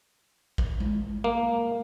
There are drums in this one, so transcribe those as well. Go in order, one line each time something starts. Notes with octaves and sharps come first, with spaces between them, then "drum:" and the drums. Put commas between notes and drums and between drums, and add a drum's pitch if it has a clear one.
drum: kick A1
drum: tom G#3
A#3